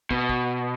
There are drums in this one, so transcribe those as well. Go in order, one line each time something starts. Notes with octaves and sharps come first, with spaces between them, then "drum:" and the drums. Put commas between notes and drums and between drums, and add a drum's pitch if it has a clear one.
B2, drum: kick
drum: kick